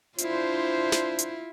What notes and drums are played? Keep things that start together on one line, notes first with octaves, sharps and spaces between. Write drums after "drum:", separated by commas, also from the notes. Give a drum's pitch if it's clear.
D4 E4 F4 C5, drum: hi-hat
drum: snare
drum: hi-hat